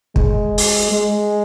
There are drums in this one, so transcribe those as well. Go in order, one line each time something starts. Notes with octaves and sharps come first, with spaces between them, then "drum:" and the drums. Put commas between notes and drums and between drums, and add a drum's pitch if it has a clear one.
G#3, drum: kick
drum: open hi-hat
G#3